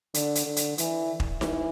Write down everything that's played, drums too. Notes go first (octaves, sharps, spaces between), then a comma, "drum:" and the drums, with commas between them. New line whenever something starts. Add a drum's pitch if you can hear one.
D3, drum: hi-hat
drum: hi-hat
D3
drum: hi-hat
E3, drum: hi-hat
drum: kick
E3, drum: snare D#4